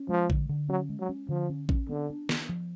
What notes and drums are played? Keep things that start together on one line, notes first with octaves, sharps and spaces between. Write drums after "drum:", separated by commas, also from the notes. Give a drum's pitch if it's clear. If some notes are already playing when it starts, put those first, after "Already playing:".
Already playing: C#4
F3 G#3
D3, drum: kick A1
D3
F#3 C#4
G#3
F#3
C#4
D3 F3
C#4
C#4, drum: kick A1
D3 B3
D4
B3, drum: snare
F3